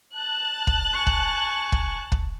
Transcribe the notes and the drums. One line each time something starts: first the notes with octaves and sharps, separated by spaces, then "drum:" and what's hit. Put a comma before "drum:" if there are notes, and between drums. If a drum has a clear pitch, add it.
A5 F#6
drum: kick
G#5 C#6
drum: kick
drum: kick
drum: kick